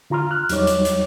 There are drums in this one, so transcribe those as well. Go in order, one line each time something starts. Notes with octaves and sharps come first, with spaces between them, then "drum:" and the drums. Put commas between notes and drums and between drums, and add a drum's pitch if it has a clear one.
D3 F4 A#5 C6 F6
F6 F#6
E2 F#3 G3 D#4 C#5 D6, drum: hi-hat
drum: hi-hat
drum: hi-hat